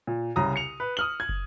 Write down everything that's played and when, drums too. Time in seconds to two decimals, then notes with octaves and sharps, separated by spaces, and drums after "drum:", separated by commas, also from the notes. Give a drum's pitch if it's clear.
0.07 A#2
0.36 C2 C#3 A#5 D#6
0.56 C#7 F7
0.80 B4
0.97 D#6 F6 F#7
1.20 G#6
1.29 drum: kick